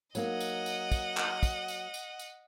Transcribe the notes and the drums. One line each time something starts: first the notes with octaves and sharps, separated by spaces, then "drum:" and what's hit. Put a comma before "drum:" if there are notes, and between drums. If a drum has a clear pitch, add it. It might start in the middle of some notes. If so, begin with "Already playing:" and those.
F#3 A#3 D#4 D#5 F#5, drum: tambourine
drum: tambourine
drum: tambourine
drum: kick, tambourine
drum: clap
drum: kick, tambourine
drum: tambourine
drum: tambourine
drum: tambourine